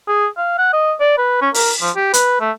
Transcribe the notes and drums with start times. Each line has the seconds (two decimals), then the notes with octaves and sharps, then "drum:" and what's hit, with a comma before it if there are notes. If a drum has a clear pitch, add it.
0.08 G#4
0.37 F5
0.58 F#5
0.73 D#5
1.00 D5
1.18 B4
1.42 C#4
1.54 A#4, drum: open hi-hat
1.82 F3
1.96 G4
2.14 B4, drum: hi-hat
2.41 A3